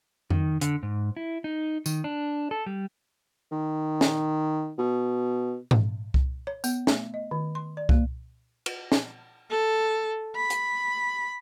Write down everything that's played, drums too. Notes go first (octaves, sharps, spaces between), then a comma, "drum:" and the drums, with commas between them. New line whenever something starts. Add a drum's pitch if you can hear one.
D#3, drum: tom F2
D3, drum: hi-hat
G#2
E4
D#4
D#3, drum: tambourine
D4
A4
G3
D#3
drum: snare
B2
drum: tom G#2
drum: kick C2
C#5
B3, drum: tambourine
A3, drum: snare
D#5
D#3
C6
D5
A#3, drum: kick C2
drum: cymbal
drum: snare
A4
B5
drum: hi-hat